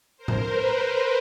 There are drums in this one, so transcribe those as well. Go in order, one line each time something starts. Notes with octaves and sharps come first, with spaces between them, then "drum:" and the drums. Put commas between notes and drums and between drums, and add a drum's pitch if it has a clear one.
A#4 C5
drum: tom A2
B4
B4